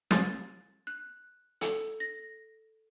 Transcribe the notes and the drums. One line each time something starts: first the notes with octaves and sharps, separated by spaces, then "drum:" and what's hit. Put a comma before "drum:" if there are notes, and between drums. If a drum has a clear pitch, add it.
A6, drum: snare
F#6
A4, drum: hi-hat
A#6